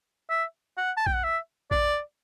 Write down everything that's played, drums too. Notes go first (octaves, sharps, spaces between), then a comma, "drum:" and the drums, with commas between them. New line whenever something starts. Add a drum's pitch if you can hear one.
E5
F#5
A5
G5, drum: kick A#1
F#5
E5
D5, drum: kick A#1